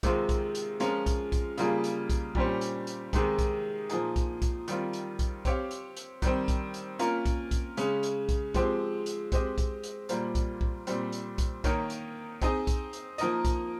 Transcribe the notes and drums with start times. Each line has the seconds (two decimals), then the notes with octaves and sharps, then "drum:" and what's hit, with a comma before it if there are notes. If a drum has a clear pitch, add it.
0.03 C3 D#3 G#3 C4 F4, drum: kick, hi-hat
0.29 drum: kick, hi-hat
0.55 drum: hi-hat
0.80 F3 G#3 C#4 F4 A#4, drum: hi-hat
1.06 drum: kick, hi-hat
1.32 drum: kick, hi-hat
1.58 C#3 G3 A#3 F4 G#4, drum: hi-hat
1.84 drum: hi-hat
2.10 drum: kick, hi-hat
2.35 A#2 G3 C#4 G4 C5, drum: kick
2.61 drum: hi-hat
2.87 drum: hi-hat
3.13 C3 D#3 G#3 D#4 G#4, drum: kick, hi-hat
3.39 drum: kick, hi-hat
3.90 A#2 F3 A#3 D#4 G#4, drum: hi-hat
4.16 drum: kick, hi-hat
4.42 drum: kick, hi-hat
4.68 D#3 G3 C4 F4, drum: hi-hat
4.93 drum: hi-hat
5.19 drum: kick, hi-hat
5.45 C4 G4 C#5 F5, drum: kick, hi-hat
5.71 drum: hi-hat
5.97 drum: hi-hat
6.22 D#3 G3 C4, drum: kick, hi-hat
6.48 drum: kick, hi-hat
6.74 drum: hi-hat
6.99 A#3 C#4 F4 A#4, drum: hi-hat
7.26 drum: kick, hi-hat
7.51 drum: kick, hi-hat
7.77 C#3 G#3 C#4, drum: hi-hat
8.03 drum: hi-hat
8.29 drum: kick, hi-hat
8.54 F3 G#3 C4 G4 C5, drum: kick, hi-hat
9.06 drum: hi-hat
9.32 G#3 C4 G4 C5 D#5, drum: kick, hi-hat
9.58 drum: kick, hi-hat
9.83 drum: hi-hat
10.09 A#2 G3 A#3 F4 C5, drum: hi-hat
10.35 drum: kick, hi-hat
10.61 drum: kick
10.87 A#2 G3 C4, drum: hi-hat
11.12 drum: hi-hat
11.38 drum: kick, hi-hat
11.64 D#3 A#3 D#4 A#4 C#5, drum: kick, hi-hat
11.90 drum: hi-hat
12.42 C4 D#4 G#4 D#5, drum: kick, hi-hat
12.67 drum: kick, hi-hat
12.93 drum: hi-hat
13.18 F3 A#3 D#4 A#4 D#5, drum: hi-hat
13.45 drum: kick, hi-hat